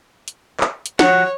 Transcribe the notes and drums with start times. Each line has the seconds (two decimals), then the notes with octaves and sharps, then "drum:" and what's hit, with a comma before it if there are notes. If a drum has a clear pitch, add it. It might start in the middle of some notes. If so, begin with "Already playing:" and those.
0.28 drum: hi-hat
0.60 drum: clap
0.86 drum: hi-hat
0.99 F3 F#4 C#5 F#5, drum: snare